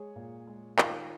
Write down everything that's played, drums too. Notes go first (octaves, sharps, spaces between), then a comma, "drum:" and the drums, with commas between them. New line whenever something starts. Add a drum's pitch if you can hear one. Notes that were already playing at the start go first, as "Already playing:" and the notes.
Already playing: G#3 G#4 C#5
A#2
G#3
D#3 F4 A#4, drum: clap